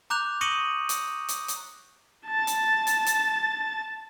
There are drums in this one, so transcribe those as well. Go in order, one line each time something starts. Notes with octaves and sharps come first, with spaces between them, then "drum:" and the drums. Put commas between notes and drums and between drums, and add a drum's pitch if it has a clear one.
A#5 D6 F#6 G6 F7
C#6 D#6 A#6 C#7 D#7 F#7
drum: hi-hat
drum: hi-hat
drum: hi-hat
A5 A6
drum: hi-hat
drum: hi-hat
drum: hi-hat